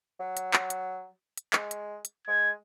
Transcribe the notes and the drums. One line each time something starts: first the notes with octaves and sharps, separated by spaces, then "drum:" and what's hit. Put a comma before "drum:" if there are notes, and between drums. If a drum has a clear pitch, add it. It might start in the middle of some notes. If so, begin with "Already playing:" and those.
F#3
drum: hi-hat
drum: clap
drum: hi-hat
drum: hi-hat
G#3, drum: clap
drum: hi-hat
drum: hi-hat
G#3 G#6